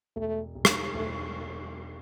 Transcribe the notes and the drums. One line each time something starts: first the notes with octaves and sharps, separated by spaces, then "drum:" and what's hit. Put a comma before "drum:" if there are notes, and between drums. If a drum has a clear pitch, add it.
E1 A3
E1
drum: rim click
E1 A3